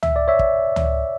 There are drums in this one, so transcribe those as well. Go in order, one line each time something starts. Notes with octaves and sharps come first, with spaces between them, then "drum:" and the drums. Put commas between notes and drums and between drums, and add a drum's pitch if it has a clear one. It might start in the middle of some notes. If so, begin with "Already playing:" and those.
E5, drum: tom C#2
D5
C#5 E5
drum: kick
drum: tom C#2